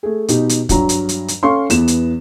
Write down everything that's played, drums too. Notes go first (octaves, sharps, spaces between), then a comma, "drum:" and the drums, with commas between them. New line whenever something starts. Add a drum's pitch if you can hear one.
A3 G#4
B2 D#4 G4, drum: hi-hat
drum: hi-hat
G2 F#3 A#5, drum: kick, hi-hat
drum: hi-hat
drum: hi-hat
drum: hi-hat
C#4 A4 F5 C6 C#6
E2 B3 E7, drum: hi-hat
drum: hi-hat